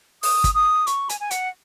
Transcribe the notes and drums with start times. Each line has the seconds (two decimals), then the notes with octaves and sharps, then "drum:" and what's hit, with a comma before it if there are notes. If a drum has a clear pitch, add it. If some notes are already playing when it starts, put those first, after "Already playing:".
0.23 D#6, drum: open hi-hat
0.44 drum: kick, hi-hat
0.54 D#6
0.87 C#6, drum: hi-hat
1.09 G#5, drum: hi-hat
1.20 G#5
1.31 F#5, drum: hi-hat